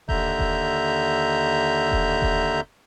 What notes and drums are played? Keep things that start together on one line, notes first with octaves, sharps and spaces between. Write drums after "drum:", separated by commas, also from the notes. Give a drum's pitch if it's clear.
D#2 D3 E5 A#5 G6, drum: kick E1
drum: kick E1
drum: kick E1
drum: kick E1